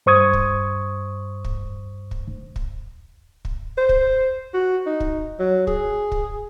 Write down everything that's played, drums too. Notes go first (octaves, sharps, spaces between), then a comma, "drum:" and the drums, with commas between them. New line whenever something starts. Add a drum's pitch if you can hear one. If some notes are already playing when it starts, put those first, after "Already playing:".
G2 C5 C#6 D#6 G#6
drum: kick
drum: kick
drum: kick
drum: kick
drum: kick
C5
drum: kick
F#4
D#4
drum: kick
F#3
G#4, drum: kick
drum: kick